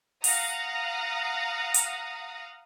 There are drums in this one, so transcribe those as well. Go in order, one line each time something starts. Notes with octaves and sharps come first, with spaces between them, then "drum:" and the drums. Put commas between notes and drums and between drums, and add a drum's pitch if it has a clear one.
F5 F#5 A#5 D#6, drum: open hi-hat
drum: hi-hat